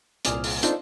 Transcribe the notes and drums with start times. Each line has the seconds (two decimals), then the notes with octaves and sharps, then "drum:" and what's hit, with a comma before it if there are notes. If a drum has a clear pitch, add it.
0.25 C2 A#2 G#4 D5 F6, drum: hi-hat
0.44 drum: open hi-hat
0.63 D4 D#4 F4 A4 C5, drum: hi-hat